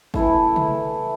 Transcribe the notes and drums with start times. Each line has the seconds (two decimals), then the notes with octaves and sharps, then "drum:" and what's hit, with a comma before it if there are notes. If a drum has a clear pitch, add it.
0.14 E3 A3 E4 A4, drum: kick
0.56 drum: tom C3